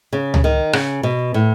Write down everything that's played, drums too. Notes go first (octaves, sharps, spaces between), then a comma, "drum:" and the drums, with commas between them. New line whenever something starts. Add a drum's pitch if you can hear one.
C#3
drum: tom C#2
D#3
C#3, drum: rim click
B2
A2